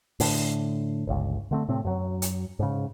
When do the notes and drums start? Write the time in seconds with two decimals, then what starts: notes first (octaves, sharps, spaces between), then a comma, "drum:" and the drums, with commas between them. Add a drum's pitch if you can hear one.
0.20 A2 D3, drum: open hi-hat
1.07 G1 C#2
1.51 D3 A3 C4
1.68 A2 C3 A3 C4
1.85 F#2 F#3
2.22 drum: hi-hat
2.59 G#2 C#3